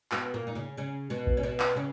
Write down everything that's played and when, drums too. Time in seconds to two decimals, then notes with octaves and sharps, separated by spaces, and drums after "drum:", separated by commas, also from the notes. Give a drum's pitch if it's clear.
0.12 B2 B3, drum: clap
0.34 A#2 A#3
0.47 D#4
0.55 C#3 C#4
0.77 C#3 C#4
1.10 B2 B3
1.27 drum: kick A#1
1.37 C#4
1.43 B2 B3
1.60 drum: clap
1.76 C#3 C#4